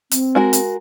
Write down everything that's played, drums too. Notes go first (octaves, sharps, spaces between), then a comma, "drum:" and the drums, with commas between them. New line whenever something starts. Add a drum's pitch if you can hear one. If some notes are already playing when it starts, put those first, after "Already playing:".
C4, drum: hi-hat
G#3 F#4 A#4
drum: hi-hat